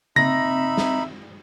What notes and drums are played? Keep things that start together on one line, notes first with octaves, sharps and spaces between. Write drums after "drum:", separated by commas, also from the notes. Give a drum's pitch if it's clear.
C4 D#4 E5 B5 A#6, drum: tom C#3
drum: snare